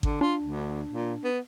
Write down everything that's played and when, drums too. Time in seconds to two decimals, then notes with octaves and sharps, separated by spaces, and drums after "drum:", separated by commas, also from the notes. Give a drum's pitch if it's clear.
0.03 D3, drum: kick G#1
0.21 D4 F4
0.42 D2
0.90 A#2
1.24 B3